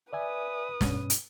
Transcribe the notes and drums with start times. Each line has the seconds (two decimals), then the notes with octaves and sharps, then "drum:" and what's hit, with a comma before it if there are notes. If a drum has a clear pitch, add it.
0.13 B4 D5 E5 G#5 D#6
0.81 G2 B2 C#4, drum: snare
1.10 drum: hi-hat